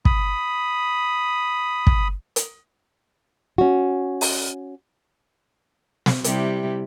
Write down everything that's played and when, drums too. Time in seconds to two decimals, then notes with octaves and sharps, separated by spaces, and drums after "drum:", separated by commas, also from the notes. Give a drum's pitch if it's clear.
0.05 B5 D#6, drum: kick
1.87 drum: kick
2.36 drum: hi-hat
3.58 C#4 F#4
4.21 drum: open hi-hat
6.06 drum: snare
6.24 C3 G3 E4, drum: hi-hat